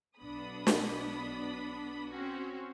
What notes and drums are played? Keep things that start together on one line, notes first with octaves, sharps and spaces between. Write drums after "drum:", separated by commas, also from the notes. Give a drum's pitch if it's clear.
B1 B3 D4 B5 D#6
drum: snare
C4 C#4 F#4